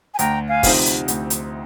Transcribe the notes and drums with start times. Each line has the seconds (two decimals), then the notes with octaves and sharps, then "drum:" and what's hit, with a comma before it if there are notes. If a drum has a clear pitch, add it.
0.13 G#5
0.19 D2 G5 A#5, drum: hi-hat
0.48 F5 G#5
0.63 C3 F3 C4 D#4, drum: kick, open hi-hat
0.86 drum: hi-hat
1.08 D2, drum: hi-hat
1.30 drum: hi-hat